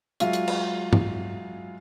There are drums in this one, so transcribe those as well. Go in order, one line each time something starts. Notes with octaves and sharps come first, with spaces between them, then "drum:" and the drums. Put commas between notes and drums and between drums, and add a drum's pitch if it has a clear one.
F#3 G#3 F4 E5 F5, drum: hi-hat
drum: hi-hat
drum: cymbal
drum: tom G2